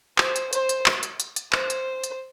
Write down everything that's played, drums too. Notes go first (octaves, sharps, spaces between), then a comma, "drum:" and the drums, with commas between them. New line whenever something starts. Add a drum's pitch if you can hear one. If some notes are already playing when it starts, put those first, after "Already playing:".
C5, drum: clap
drum: hi-hat
C5, drum: hi-hat
drum: hi-hat
drum: clap
drum: hi-hat
drum: hi-hat
drum: hi-hat
C5, drum: clap
drum: hi-hat
drum: hi-hat